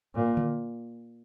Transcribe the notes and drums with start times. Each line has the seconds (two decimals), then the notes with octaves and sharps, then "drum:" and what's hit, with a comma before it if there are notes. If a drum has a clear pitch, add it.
0.15 A#2
0.37 drum: tom